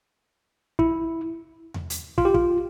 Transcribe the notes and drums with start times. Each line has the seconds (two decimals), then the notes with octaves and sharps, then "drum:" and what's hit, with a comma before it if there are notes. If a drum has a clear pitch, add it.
0.79 E4, drum: kick
1.74 drum: tom E2
1.90 drum: hi-hat
2.18 F4, drum: kick
2.25 G4
2.34 F4, drum: kick